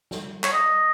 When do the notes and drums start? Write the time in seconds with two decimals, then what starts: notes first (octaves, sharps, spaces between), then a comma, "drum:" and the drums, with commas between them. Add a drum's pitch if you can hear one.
0.11 drum: snare
0.43 C#5, drum: clap
0.52 D#5